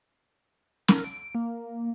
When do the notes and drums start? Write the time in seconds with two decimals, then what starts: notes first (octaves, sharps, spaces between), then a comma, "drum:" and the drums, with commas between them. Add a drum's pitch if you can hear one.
0.88 A#4, drum: snare
1.04 D7
1.35 A#3